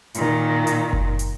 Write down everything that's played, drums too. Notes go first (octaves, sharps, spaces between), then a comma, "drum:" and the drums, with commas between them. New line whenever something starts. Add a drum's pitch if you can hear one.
A#2 D#3, drum: hi-hat
drum: hi-hat
drum: kick F#1
drum: hi-hat